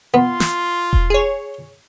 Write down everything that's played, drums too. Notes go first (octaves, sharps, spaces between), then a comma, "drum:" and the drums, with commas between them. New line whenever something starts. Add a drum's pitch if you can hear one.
B3 F4 C6
drum: snare
drum: kick E1
G#4 C#5